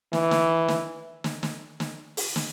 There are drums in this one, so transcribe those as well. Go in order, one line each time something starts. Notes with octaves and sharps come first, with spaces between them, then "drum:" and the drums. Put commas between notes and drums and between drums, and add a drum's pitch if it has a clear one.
E3, drum: snare
drum: snare
drum: snare
drum: snare
drum: snare
drum: snare
drum: open hi-hat
drum: snare